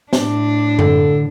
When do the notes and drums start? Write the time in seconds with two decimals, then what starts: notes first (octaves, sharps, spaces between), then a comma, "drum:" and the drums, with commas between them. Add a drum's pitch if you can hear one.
0.13 A2 D4, drum: snare B3
0.79 D3 A4, drum: tom F#2